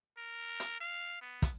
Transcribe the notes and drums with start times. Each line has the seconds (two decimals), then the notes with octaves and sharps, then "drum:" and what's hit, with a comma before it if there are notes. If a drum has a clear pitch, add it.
0.17 A#4
0.60 drum: hi-hat
0.80 F5
1.22 B3
1.42 drum: kick, hi-hat